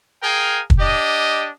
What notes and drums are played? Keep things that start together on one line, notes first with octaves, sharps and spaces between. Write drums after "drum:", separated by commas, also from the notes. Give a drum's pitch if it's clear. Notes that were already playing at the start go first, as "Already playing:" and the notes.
G#4 A#4 F5 G5 G#5
drum: kick
D4 G4 D#5